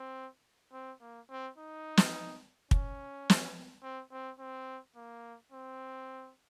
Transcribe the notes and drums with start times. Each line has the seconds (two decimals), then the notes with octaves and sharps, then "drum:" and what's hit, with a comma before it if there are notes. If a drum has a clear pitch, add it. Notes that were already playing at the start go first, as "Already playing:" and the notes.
Already playing: C4
0.73 C4
1.01 A#3
1.30 C4
1.58 D#4
1.97 drum: snare
2.71 C#4, drum: kick
3.30 drum: snare
3.83 C4
4.12 C4
4.39 C4
4.96 A#3
5.52 C4